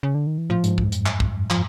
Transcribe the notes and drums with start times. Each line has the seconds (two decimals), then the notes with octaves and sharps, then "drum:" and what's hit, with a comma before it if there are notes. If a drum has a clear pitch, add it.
0.03 C#3
0.15 D3
0.27 D#3
0.38 E3
0.50 A2 F3
0.64 G#2, drum: hi-hat
0.78 G2, drum: kick
0.87 F2
0.92 F#2, drum: hi-hat
1.06 drum: clap
1.20 drum: kick
1.50 F3, drum: clap